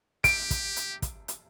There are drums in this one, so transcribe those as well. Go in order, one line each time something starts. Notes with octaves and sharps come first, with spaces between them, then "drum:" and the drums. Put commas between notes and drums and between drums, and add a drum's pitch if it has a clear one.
G4 D7, drum: kick, hi-hat
drum: kick, hi-hat
drum: hi-hat
drum: kick, hi-hat
drum: hi-hat